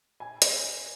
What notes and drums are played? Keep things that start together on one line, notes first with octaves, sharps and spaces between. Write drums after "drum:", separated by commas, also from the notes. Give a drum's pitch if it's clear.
G#5
drum: hi-hat